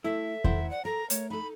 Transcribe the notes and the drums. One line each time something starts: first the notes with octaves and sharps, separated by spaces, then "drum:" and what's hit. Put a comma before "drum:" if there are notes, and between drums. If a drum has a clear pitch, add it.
A3 E4 A4 E5
D#3 E4 C5 F#5, drum: kick E2
D5 F#5
A4 A#4 A#5
A3 C#5, drum: hi-hat
D#4 A4 B5